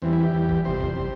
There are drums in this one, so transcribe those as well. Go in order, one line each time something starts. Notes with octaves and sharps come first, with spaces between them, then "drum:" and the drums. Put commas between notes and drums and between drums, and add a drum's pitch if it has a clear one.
E2 E3 G3 C4
E4
G4
E2 E3 G3
drum: kick G1
F2 C3 G3 C5
drum: kick G1
C3 G3